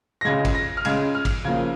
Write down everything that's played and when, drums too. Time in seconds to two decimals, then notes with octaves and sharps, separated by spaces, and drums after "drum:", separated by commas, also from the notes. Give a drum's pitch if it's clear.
0.21 A#6
0.25 C#2 C#3 G#3 G#6
0.45 drum: kick, cymbal
0.55 A#6
0.77 F6
0.85 C#2 C#3 G#3 G#6, drum: cymbal
1.15 F6
1.25 drum: kick, cymbal
1.45 C#3 F3 A#3 G#6